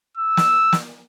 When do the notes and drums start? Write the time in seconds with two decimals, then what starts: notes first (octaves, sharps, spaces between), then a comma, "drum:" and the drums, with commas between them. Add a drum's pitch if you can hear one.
0.17 E6
0.37 drum: snare
0.73 drum: snare